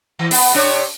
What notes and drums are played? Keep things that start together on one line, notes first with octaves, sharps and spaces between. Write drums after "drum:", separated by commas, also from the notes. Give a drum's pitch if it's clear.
E3
B3, drum: open hi-hat
C3 D4 C#5